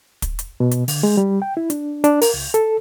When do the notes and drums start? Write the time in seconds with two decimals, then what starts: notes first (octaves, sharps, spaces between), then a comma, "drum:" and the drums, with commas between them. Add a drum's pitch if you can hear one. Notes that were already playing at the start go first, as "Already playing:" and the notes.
0.22 drum: kick, hi-hat
0.39 drum: hi-hat
0.60 B2
0.71 drum: hi-hat
0.88 D3, drum: open hi-hat
1.03 G#3
1.17 G3
1.42 G5
1.57 E4
1.70 D4, drum: hi-hat
2.04 D4, drum: hi-hat
2.22 A#4, drum: open hi-hat
2.34 C#2
2.54 A4, drum: hi-hat